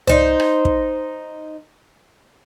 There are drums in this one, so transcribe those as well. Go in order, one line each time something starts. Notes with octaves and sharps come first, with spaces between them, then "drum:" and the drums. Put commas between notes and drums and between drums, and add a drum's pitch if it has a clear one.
D#4 C5, drum: tom C2
drum: rim click
drum: kick